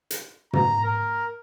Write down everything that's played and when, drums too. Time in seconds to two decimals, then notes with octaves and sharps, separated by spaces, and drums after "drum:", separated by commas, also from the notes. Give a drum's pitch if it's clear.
0.11 drum: hi-hat
0.53 A#5, drum: tom
0.84 A#4